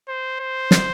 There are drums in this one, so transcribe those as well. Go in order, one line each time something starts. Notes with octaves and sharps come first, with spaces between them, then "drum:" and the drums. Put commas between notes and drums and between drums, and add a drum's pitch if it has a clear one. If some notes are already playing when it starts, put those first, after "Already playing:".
C5
C5
drum: snare